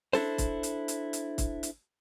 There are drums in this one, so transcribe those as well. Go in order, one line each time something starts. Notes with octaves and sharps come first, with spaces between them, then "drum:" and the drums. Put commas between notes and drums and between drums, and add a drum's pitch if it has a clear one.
D4 E4 A4 C5, drum: snare
drum: kick, hi-hat
drum: hi-hat
drum: hi-hat
drum: hi-hat
drum: kick, hi-hat
drum: hi-hat